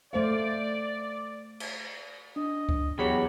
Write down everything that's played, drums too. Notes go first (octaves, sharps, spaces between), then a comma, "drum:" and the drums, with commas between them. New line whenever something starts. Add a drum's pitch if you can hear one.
A3 C5 D5 F5
drum: cymbal
D4 D#5
drum: kick C#2
E2 F#3 G4 G#4 C#5 B5